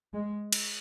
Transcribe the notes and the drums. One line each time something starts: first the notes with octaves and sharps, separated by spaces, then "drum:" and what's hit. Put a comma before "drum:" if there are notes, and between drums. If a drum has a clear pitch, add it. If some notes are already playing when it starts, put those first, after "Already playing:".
G#3
drum: cymbal